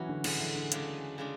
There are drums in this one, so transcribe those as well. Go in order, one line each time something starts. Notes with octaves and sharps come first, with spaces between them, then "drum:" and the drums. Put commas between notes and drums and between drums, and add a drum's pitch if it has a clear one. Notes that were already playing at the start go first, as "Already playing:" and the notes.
Already playing: E3 F#3 B3 C#4 F#4
D3
A2 D3 G#3 C#4 F#4, drum: cymbal
E3
D3
C#3 G#3 D4, drum: hi-hat
C#3 G#3 D4